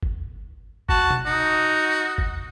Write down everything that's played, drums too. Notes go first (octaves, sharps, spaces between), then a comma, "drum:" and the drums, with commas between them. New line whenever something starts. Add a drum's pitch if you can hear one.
drum: kick G1
F#4 A5, drum: kick G1
drum: tom B2
D#4 F#4
drum: kick G1